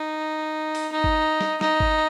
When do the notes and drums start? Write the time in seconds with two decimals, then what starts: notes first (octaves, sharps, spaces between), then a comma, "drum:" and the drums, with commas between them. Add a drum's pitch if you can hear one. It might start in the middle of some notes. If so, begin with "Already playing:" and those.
Already playing: D#4
0.75 drum: open hi-hat
0.92 D#4
1.04 drum: kick G1
1.41 drum: snare
1.61 D#4, drum: snare
1.80 drum: kick G1